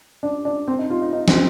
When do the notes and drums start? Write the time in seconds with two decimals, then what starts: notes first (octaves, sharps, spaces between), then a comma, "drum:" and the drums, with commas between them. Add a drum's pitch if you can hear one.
0.23 D4
0.45 D4
0.68 C4
0.79 D#4
0.90 F4
1.02 D#4
1.13 D#4
1.28 C4, drum: snare